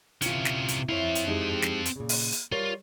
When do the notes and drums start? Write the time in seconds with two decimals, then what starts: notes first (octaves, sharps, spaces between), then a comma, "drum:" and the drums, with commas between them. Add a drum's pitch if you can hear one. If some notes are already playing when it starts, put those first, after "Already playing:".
0.22 C3 E3 C#4 F4, drum: hi-hat
0.45 drum: snare
0.69 drum: hi-hat
0.89 C4 E4 C#5 F5
1.15 drum: hi-hat
1.27 G#3 D#4 G4
1.62 drum: snare
1.86 drum: hi-hat
1.96 A#2 C#3
2.09 drum: open hi-hat
2.33 drum: hi-hat
2.52 G3 F4 A#4 C#5